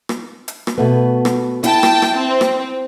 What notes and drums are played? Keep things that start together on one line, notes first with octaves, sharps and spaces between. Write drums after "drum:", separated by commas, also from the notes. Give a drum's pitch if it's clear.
drum: rim click
drum: hi-hat
drum: rim click
B2 A3 B3
drum: rim click
E4 G5 A5, drum: hi-hat
drum: rim click
drum: rim click
C4
drum: rim click